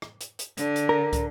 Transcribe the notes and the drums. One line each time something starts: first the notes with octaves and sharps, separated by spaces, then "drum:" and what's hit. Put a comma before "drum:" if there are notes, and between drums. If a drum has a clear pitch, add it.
drum: rim click
drum: hi-hat
drum: hi-hat
D3, drum: hi-hat
drum: hi-hat
A#4
drum: kick, hi-hat